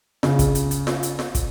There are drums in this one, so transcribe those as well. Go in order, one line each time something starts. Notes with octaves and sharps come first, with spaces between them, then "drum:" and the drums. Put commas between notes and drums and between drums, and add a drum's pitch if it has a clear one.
C#3, drum: snare F4
drum: kick, hi-hat
drum: hi-hat
drum: hi-hat
drum: snare F4
drum: hi-hat
drum: snare F4
drum: kick, hi-hat